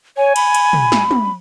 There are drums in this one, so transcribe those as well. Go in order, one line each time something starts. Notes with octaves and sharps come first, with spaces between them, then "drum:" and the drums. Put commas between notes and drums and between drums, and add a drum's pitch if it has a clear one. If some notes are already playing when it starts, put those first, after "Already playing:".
C#5 G#5
B5, drum: cymbal
drum: cymbal
drum: tom
drum: snare
drum: tom